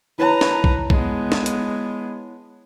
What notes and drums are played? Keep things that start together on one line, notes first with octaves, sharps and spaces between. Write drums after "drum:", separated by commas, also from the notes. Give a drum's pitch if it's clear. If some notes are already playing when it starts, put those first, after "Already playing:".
E4 B4 C#5 A5 A#5
drum: snare
drum: kick A#1
G#3 B3, drum: kick A#1
drum: snare
drum: hi-hat